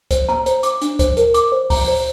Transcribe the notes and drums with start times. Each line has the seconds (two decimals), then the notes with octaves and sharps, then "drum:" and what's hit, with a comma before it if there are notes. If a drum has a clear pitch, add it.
0.11 C5, drum: kick C#2, hi-hat
0.29 A#5, drum: rim click
0.46 C5, drum: hi-hat
0.63 D6, drum: hi-hat
0.81 D4, drum: hi-hat
0.99 C5, drum: kick C#2, hi-hat
1.17 A#4, drum: hi-hat
1.34 D6, drum: hi-hat
1.52 C5
1.70 A#5, drum: kick C#2, open hi-hat
1.88 C5